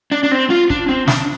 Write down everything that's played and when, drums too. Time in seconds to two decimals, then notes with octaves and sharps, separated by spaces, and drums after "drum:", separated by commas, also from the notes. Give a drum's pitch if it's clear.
0.12 D4
0.23 D4
0.31 C4
0.50 F4
0.70 D4, drum: kick
0.89 C4
1.08 D4, drum: snare